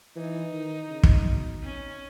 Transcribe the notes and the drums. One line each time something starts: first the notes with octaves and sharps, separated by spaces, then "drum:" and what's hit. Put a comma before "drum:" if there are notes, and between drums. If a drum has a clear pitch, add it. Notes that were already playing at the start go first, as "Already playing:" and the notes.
E3 D#4
D#3
C#3
drum: kick
B2
C#4